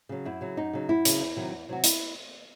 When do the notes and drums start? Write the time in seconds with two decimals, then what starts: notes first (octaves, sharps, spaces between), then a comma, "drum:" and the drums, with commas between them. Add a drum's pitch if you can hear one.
0.09 C#3 F#3
0.25 F#2 E4
0.41 C#3 F#3
0.57 F#2 D#4
0.73 C#3 F#3
0.89 F#2 E4
1.05 C#3 F#3, drum: hi-hat
1.20 E2
1.37 C3 D#3 F#3
1.52 E2
1.69 C3 D#3 F#3 F#4
1.84 E4, drum: hi-hat